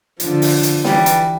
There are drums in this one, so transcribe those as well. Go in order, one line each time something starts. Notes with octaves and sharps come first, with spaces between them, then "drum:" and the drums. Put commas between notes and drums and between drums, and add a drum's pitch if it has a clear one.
D3 F3, drum: hi-hat
drum: open hi-hat
drum: hi-hat
E3 G3, drum: snare
drum: hi-hat